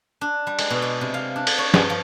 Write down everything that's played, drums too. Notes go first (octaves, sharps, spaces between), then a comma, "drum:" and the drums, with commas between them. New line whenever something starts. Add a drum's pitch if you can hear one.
D4
G3
G#3, drum: cymbal
B2
D5
C3
F5
D4
drum: cymbal
C#5
G2, drum: snare
F3